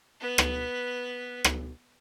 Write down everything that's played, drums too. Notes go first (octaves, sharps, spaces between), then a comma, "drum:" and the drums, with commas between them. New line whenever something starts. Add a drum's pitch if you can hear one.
B3 B4
drum: rim click
drum: rim click